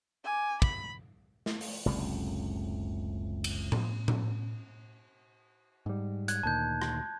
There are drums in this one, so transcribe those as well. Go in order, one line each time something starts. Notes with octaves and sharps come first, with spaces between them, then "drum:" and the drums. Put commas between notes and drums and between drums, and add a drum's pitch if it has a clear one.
G#5 D6
B5, drum: kick
drum: snare
drum: open hi-hat
F#1 C#2 A2 C3
drum: cymbal
drum: tom A2
drum: tom A2
G#2 G3
F#6 G#6, drum: hi-hat
D2 A#2 D#3 A5 G6
drum: rim click